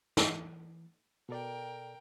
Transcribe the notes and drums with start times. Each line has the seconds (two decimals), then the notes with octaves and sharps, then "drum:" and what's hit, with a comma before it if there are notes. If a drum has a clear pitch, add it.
0.17 E3, drum: snare
1.29 B2 A4 A#4 D5 G5